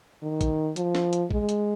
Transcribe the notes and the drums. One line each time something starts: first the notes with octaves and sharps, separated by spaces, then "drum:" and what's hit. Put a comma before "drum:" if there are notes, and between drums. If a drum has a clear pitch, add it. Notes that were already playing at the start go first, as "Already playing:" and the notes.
D#3
drum: kick A1, hi-hat
F3, drum: hi-hat
drum: snare
drum: hi-hat
G#3, drum: kick A1
drum: hi-hat